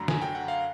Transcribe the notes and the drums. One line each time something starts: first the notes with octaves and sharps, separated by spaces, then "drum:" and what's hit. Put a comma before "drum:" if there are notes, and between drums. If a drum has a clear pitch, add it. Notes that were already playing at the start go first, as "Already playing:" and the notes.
Already playing: F#2 D3 F#3 A3 A#5 B5
G#5, drum: snare
G5
F#5
F5